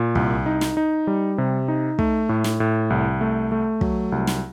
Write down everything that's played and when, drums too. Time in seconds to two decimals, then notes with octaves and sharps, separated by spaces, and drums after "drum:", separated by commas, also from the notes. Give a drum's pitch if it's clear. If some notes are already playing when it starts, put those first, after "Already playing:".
Already playing: A#2
0.15 C2, drum: kick
0.46 D#4
0.61 drum: snare
0.77 D#4
1.07 G3
1.38 C3
1.68 D#4
1.99 A3, drum: kick
2.29 A2
2.44 drum: snare
2.60 A2
2.90 C2
3.21 A3
3.52 A3
3.81 F#3, drum: kick
4.12 C2
4.27 drum: snare